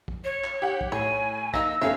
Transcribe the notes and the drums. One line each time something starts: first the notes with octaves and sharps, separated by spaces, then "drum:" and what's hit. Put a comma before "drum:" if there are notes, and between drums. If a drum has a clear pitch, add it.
drum: kick
C#5
drum: clap
G4 F#5
drum: kick
A2 C#5 G#5
A#3 D#4 E6 A#6, drum: kick
G1 C#4 A4 E5 F5